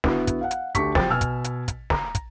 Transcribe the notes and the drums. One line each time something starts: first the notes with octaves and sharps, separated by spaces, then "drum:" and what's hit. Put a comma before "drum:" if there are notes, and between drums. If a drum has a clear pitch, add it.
D3 B3 E4 F#4, drum: snare
drum: kick, hi-hat
F5 F#5
drum: hi-hat
D2 D4 G4 C#6 B6, drum: kick, hi-hat
F3 F#3 C4 G4 G5 A6, drum: snare
B2 G#5 E6 F6
drum: kick, hi-hat
drum: hi-hat
drum: kick, hi-hat
A#5, drum: snare
drum: kick, hi-hat